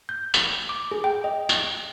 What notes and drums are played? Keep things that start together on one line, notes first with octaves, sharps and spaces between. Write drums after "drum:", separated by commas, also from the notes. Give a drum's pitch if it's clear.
G6
drum: tambourine
D6
G#4
G5
D#5
drum: tambourine